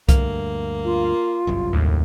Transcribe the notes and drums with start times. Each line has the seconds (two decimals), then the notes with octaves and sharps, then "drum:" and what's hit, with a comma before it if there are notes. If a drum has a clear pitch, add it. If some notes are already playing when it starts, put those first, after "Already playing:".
0.09 D2 G2 A#3, drum: kick C2, hi-hat
0.85 F4
1.47 G1 C2 F#2
1.73 D#2 A2